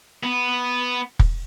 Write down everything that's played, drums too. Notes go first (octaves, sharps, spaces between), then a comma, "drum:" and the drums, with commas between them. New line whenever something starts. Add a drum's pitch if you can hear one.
B3
drum: kick